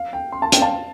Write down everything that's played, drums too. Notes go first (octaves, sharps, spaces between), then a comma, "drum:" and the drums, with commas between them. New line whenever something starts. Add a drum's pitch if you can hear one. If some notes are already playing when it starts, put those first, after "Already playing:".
Already playing: F5
G5
C6
A5
G5, drum: hi-hat
F5 A5